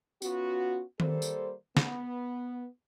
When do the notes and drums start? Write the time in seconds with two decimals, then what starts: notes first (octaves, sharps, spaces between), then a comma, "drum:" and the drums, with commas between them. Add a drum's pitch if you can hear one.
0.22 B3 C#4 F4 F#4, drum: tambourine
1.00 G3 A#3 A4 C5, drum: tom D#3
1.22 drum: tambourine
1.77 B3, drum: snare